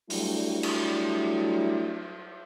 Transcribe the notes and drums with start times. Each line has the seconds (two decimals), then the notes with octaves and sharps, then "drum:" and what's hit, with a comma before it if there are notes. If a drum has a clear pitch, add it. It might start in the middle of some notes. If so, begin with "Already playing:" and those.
0.10 F#3 G3 A3 D4 E4, drum: open hi-hat
0.63 drum: cymbal